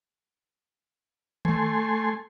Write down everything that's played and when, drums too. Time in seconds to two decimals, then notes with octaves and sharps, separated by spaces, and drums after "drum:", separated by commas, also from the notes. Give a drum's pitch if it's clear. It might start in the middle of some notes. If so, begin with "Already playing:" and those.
1.45 A3 G#5 C6, drum: tom D#3